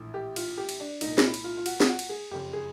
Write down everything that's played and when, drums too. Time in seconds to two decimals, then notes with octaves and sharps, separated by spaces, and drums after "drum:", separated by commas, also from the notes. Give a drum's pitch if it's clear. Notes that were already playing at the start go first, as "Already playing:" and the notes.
Already playing: A#1 A2 E3
0.14 G4
0.36 F4, drum: cymbal
0.58 G4
0.69 drum: cymbal
0.80 D4
1.01 C2 A#2 D#4, drum: cymbal
1.18 F4, drum: snare
1.24 E4
1.34 drum: cymbal
1.44 F4
1.57 F4
1.66 F#4, drum: cymbal
1.80 F4, drum: snare
1.88 F#4
1.99 drum: cymbal
2.09 G#4
2.31 F#1 F2 C#3 G4
2.53 G#4